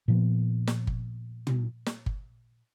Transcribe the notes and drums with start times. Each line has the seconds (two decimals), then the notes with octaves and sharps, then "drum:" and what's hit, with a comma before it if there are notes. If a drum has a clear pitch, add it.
0.08 A#2 F3 B3
0.67 drum: snare
0.87 drum: kick G1
1.47 drum: tom
1.86 drum: snare
2.06 drum: kick G1